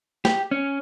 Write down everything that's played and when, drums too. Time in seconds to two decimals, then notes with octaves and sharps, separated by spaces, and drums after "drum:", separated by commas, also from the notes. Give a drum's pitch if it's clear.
0.25 G4, drum: snare
0.51 C#4